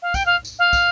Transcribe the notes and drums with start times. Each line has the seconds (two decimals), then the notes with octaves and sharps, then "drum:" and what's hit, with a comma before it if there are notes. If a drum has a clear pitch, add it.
0.02 F5
0.14 G5, drum: kick, tambourine
0.25 F5
0.45 drum: tambourine
0.58 F5
0.73 drum: kick, tambourine